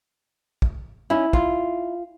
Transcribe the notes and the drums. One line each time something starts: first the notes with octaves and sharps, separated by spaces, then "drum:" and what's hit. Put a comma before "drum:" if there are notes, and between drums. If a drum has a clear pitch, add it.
drum: kick
C#4 D#4 E4
F4, drum: kick